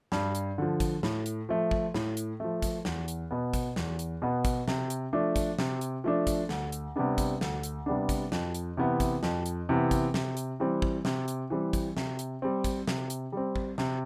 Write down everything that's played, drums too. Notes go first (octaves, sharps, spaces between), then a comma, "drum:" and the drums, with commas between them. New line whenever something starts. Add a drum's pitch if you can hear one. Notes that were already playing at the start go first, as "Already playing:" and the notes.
G2, drum: snare
drum: hi-hat
D3 F3
drum: kick, hi-hat
A2, drum: snare
drum: hi-hat
F3 A3
drum: kick
A2, drum: snare
drum: hi-hat
F3 A3
drum: kick, hi-hat
E2, drum: snare
drum: hi-hat
B2 B3
drum: kick, hi-hat
E2, drum: snare
drum: hi-hat
B2 B3
drum: kick, hi-hat
C3, drum: snare
drum: hi-hat
F3 A3 D4
drum: kick, hi-hat
C3, drum: snare
drum: hi-hat
F3 A3 D4
drum: kick, hi-hat
D2, drum: snare
drum: hi-hat
C3 G3 B3 D4
drum: kick, hi-hat
D2, drum: snare
drum: hi-hat
C3 G3 B3 D4
drum: kick, hi-hat
F2, drum: snare
drum: hi-hat
C3 E3 B3
drum: kick, hi-hat
F2, drum: snare
drum: hi-hat
C3 E3 B3
drum: kick, hi-hat
C3, drum: snare
drum: hi-hat
E3 G3 C4
drum: kick
C3, drum: snare
drum: hi-hat
E3 G3 C4
drum: kick, hi-hat
C3, drum: snare
drum: hi-hat
G3 C4
drum: kick, hi-hat
C3, drum: snare
drum: hi-hat
G3 C4
drum: kick
C3, drum: snare